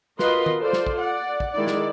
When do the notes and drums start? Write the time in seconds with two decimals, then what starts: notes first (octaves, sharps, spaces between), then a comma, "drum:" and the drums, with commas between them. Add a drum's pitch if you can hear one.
0.19 F4 F#4 A#4 B4 D#5 C6, drum: snare
0.46 drum: tom D#3
0.58 F4 A4 C5 D5
0.73 drum: snare
0.87 drum: kick
1.00 D5 F#5
1.40 drum: kick
1.54 D#3 G#3 D#4 E4 D5
1.67 drum: snare